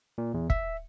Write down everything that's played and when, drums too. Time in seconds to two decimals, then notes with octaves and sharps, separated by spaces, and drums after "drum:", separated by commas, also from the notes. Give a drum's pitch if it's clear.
0.18 A#2
0.34 E2
0.50 E5, drum: kick